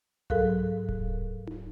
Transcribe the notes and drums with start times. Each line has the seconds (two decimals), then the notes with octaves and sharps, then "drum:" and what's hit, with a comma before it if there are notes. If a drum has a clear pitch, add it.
0.30 G#2 F#3 A4 A#4 F5 F#6, drum: tom C2
0.89 drum: kick D1
1.47 drum: tom D#4